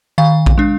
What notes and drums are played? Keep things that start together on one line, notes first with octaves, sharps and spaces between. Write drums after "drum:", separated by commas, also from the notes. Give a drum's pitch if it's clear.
D#3 F5
drum: kick A#1
G#3 D4